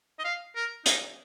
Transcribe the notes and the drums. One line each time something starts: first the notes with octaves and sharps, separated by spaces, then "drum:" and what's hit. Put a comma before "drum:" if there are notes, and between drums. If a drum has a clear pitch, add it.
D#5
F5
A#4
D#4, drum: hi-hat